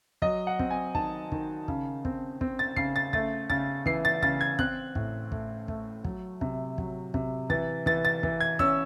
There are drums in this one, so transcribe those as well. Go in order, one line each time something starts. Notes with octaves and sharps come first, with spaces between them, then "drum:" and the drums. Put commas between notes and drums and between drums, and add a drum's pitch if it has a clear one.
F#3 D#5, drum: kick
F#5
C4, drum: kick
G#5
D#3 A5, drum: kick
D#3, drum: kick
C#3, drum: kick
C4, drum: kick
C4, drum: kick
A6
C#3 C7, drum: kick
A6
A3 A6, drum: kick
C#3 A6, drum: kick
E3 C7, drum: kick
A6
C#3 A6, drum: kick
G#6
C4 F#6, drum: kick
A2, drum: kick
A3, drum: kick
A3, drum: kick
F#3, drum: kick
C3, drum: kick
F#3, drum: kick
C3, drum: kick
E3 A6, drum: kick
E3 A6, drum: kick
A6
E3, drum: kick
G#6
C#4 E6, drum: kick